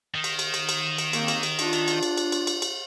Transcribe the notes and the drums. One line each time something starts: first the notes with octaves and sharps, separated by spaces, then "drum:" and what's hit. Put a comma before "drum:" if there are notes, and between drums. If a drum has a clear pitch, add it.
D#3
drum: cymbal
drum: cymbal
drum: cymbal
drum: cymbal
drum: cymbal
A#3 C4, drum: cymbal
drum: cymbal
drum: cymbal
D4 F4, drum: cymbal
drum: cymbal
drum: cymbal
drum: cymbal
drum: cymbal
drum: cymbal
drum: cymbal
drum: cymbal